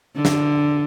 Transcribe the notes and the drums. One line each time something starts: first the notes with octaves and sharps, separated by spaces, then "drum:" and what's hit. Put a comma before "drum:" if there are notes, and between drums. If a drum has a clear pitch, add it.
D3
drum: snare